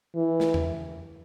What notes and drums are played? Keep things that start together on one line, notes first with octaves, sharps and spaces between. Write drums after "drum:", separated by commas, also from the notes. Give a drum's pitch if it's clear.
E3
drum: snare
drum: tom E2